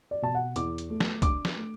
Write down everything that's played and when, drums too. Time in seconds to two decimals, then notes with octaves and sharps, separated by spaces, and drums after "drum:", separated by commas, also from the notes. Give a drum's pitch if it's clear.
0.11 D5
0.22 B2 A5
0.35 F#5
0.56 E2 D6, drum: hi-hat
0.78 drum: hi-hat
0.90 A3
1.00 drum: snare
1.22 D4 D6, drum: kick C2, hi-hat
1.45 drum: snare
1.57 A3